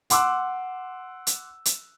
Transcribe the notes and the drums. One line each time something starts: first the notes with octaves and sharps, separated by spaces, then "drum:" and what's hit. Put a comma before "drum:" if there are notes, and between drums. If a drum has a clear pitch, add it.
F#5 C6 D6 E6 F#6, drum: hi-hat
drum: hi-hat
drum: hi-hat